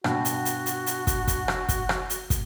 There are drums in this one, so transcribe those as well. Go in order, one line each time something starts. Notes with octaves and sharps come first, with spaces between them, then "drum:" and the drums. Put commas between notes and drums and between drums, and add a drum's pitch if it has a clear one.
G2 B2 F#4, drum: rim click
drum: hi-hat
drum: hi-hat
drum: hi-hat
drum: hi-hat
drum: kick, hi-hat
drum: kick, hi-hat
drum: rim click
drum: kick, hi-hat
drum: rim click
drum: hi-hat
drum: kick, hi-hat